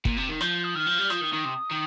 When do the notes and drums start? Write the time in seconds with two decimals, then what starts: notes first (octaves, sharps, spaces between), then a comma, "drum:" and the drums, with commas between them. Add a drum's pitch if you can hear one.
0.05 A#2, drum: kick
0.17 C3
0.29 D#3
0.41 F3 G6, drum: rim click
0.64 D#6
0.75 D#3 F6
0.87 F3
0.99 G3
1.10 F3 D#6, drum: rim click
1.21 D#3
1.33 D#3
1.45 C3
1.71 D#3